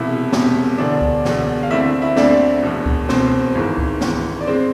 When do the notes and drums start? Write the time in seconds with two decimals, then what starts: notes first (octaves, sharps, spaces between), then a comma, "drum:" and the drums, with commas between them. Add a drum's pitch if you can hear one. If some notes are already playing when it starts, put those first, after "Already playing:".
Already playing: E1 E2 C3 E4 E5
0.32 E1 E2 C3, drum: snare B3
0.78 E1 E2 D3 D4 D5
1.01 drum: kick C#2
1.25 E1 E2 D3, drum: snare B3
1.63 F5
1.70 D2 D3 A3 C4 E4 E5
2.02 E4 E5
2.17 D2 D3 A3 C4 D4 D5, drum: snare B3
2.63 E1 E2 B2
2.86 drum: kick C#2
3.09 E1 E2 B2 C4 C5, drum: snare B3
3.55 G#1 G#2 E3
3.78 drum: kick C#2
4.01 G#1 G#2 E3, drum: snare B3
4.41 D5
4.47 G#3 C4 C5